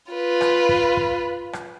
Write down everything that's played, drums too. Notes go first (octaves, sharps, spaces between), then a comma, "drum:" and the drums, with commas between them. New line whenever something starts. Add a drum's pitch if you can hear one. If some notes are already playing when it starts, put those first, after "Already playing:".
F4 B4
drum: rim click
drum: kick
drum: kick
drum: rim click